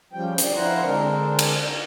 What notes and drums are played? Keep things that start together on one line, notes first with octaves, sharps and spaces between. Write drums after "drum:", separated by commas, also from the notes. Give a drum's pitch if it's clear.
C#3 F3 G3 G5
D3 D4, drum: hi-hat
F3 E4 C5 F#5 A#5
D3 G#3 C4 D4 A#4
drum: cymbal